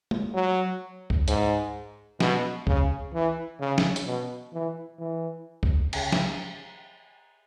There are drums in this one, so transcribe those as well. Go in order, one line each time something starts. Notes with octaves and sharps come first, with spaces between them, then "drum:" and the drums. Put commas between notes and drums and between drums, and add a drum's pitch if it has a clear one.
drum: tom G#3
F#3
drum: kick
G#2, drum: hi-hat
B2, drum: snare
C#3, drum: kick
E3
C#3
drum: snare
drum: hi-hat
B2
E3
E3
drum: kick
C#3, drum: cymbal
drum: snare